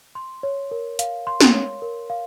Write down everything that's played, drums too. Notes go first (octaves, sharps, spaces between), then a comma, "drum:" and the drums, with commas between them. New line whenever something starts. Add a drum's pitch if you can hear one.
C6
C#5
A#4
F5, drum: hi-hat
C6
drum: snare
C#5
A#4
F5